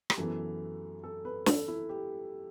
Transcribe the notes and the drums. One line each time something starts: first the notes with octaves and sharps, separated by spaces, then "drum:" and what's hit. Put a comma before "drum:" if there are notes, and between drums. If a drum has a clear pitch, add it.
G4, drum: rim click
F#2 E3 B3 A4
A4
B4
A4, drum: snare
E4
G4